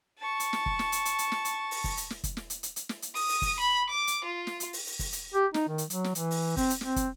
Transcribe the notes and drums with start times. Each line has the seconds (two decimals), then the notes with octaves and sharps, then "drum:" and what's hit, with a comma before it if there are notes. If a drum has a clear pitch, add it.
0.19 A5 C#6
0.40 drum: hi-hat
0.53 drum: snare
0.66 drum: kick
0.79 drum: snare
0.92 drum: hi-hat
1.05 drum: hi-hat
1.18 drum: hi-hat
1.32 drum: snare
1.45 drum: hi-hat
1.71 drum: open hi-hat
1.84 drum: kick, open hi-hat
1.97 drum: hi-hat
2.10 drum: snare
2.24 drum: kick, hi-hat
2.37 drum: snare
2.50 drum: hi-hat
2.63 drum: hi-hat
2.76 drum: hi-hat
2.89 drum: snare
3.02 drum: hi-hat
3.15 D#6, drum: open hi-hat
3.29 drum: open hi-hat
3.42 drum: kick, open hi-hat
3.60 B5
3.90 D6
4.07 drum: hi-hat
4.25 F4
4.47 drum: snare
4.60 drum: hi-hat
4.73 drum: open hi-hat
4.86 drum: open hi-hat
4.99 drum: kick, open hi-hat
5.12 drum: hi-hat
5.34 G4
5.54 D#4, drum: snare
5.69 D#3
5.78 drum: hi-hat
5.90 F#3, drum: hi-hat
6.04 drum: snare
6.15 E3, drum: hi-hat
6.31 drum: open hi-hat
6.57 C4, drum: kick, open hi-hat
6.70 drum: hi-hat
6.81 C4, drum: snare
6.96 drum: kick, hi-hat